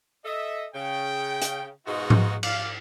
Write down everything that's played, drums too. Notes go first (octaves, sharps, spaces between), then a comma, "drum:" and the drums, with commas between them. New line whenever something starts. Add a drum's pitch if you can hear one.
A4 D#5 E5
C#3 G5
drum: hi-hat
G#2 B2 G#3 D#4 F4 F#4
drum: tom G#2
D5 F5, drum: cymbal